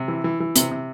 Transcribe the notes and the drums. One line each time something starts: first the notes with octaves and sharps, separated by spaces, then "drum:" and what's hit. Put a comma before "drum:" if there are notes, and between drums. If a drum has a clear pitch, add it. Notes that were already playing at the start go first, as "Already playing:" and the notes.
Already playing: C3
E3
E3
E3
C3, drum: hi-hat
C3